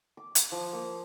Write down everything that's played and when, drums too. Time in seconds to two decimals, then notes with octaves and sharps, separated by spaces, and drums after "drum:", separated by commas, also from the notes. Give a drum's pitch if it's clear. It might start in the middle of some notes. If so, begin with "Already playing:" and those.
0.17 D6
0.35 drum: hi-hat
0.52 F3
0.73 A#3